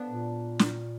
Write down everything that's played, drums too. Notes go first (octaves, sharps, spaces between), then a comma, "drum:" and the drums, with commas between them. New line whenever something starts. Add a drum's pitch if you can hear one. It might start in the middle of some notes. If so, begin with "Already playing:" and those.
Already playing: B3 D4
A#2
drum: snare